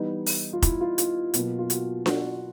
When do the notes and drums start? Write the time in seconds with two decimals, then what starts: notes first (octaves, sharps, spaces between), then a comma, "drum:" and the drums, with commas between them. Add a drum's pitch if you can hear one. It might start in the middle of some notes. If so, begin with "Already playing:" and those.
Already playing: E3 G3 B3 D#4
0.26 drum: open hi-hat
0.53 F4
0.62 E4, drum: kick F1, hi-hat
0.81 F4
0.98 F4, drum: hi-hat
1.34 B2 F#3 A#3, drum: hi-hat
1.59 F4
1.70 F#4, drum: hi-hat
2.06 F#4, drum: snare D4